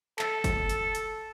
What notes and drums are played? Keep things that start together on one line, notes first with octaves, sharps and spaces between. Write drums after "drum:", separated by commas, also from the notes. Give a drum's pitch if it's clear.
A4, drum: clap
drum: kick, hi-hat
drum: hi-hat
drum: hi-hat